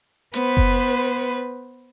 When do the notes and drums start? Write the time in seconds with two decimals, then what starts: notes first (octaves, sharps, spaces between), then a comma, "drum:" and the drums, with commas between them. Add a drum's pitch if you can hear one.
0.34 B3 B4 C5, drum: hi-hat
0.57 drum: kick F#1